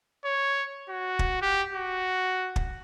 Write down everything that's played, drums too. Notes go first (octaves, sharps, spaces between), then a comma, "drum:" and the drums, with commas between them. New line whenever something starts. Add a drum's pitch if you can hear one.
C#5
F#4
drum: kick
G4
F#4
drum: kick